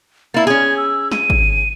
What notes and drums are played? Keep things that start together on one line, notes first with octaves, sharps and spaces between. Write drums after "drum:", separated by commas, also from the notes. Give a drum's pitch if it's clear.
A#3 E4 A6
C#4 G#4 G#6
E6
D#7, drum: snare
drum: kick G#1